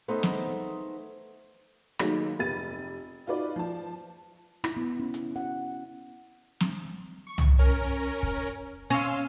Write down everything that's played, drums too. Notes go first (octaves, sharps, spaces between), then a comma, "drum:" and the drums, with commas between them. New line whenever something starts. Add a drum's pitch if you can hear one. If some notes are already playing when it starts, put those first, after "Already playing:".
A3 B3 D#4 G#4 C5 D#5
drum: snare
D#3 F#3 A3 A#3 D#4 G#4, drum: rim click
F1 G4 B5 A6 D#7
D#4 F4 F#4 B4 D5
F3 A5
E4, drum: rim click
B3
C#4
drum: hi-hat
F#5
drum: snare
C#6
drum: tom
C#4 A#4
drum: kick
C#4 F5 C6 E6